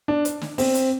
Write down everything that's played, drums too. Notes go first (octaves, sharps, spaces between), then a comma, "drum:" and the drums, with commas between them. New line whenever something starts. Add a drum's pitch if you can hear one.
D4
drum: hi-hat
drum: snare
C4, drum: open hi-hat
drum: hi-hat